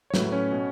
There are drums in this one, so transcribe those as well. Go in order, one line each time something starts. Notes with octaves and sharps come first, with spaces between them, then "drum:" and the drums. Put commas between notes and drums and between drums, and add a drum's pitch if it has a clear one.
C#5
A2 F#3 A3 B4, drum: snare
C#4 C#5
B2 B3